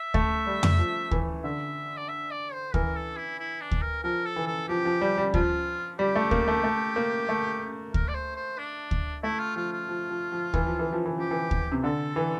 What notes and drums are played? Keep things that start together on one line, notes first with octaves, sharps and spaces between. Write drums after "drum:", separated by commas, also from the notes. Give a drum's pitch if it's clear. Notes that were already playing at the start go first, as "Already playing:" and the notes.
Already playing: E5
A3, drum: kick D2
G3
drum: tom F2
F3
E3, drum: kick D2
D3 E5
D5
E5
D5
C5
E3 A#4, drum: kick D2
A4
E4
E4
D4
drum: kick D2
A#4
F3 A#4
A4
E3
A4
F3 G4
F3
G3
G3
F3 F4, drum: kick D2
G3 G4
A3
A#3, drum: kick D2
A3
A3
A#3
A3
A#4, drum: kick D2
D5
C5
C5
D4
drum: kick D2
A3 E4
F4
F3 F4
F4
F3
F3
F3
E3, drum: kick D2
F3
E3
F3
E3
F3 G4
E3
drum: kick D2
C3
D3 A4
E3